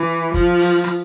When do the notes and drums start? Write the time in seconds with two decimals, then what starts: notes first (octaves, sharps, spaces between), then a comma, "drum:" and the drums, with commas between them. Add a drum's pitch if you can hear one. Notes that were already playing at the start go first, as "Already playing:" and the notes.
Already playing: E3
0.34 F3, drum: kick, hi-hat
0.59 drum: open hi-hat
0.84 drum: rim click